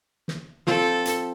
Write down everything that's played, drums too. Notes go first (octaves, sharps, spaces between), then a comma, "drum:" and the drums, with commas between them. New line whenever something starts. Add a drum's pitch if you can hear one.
drum: snare
F3 C4 A4, drum: snare
drum: hi-hat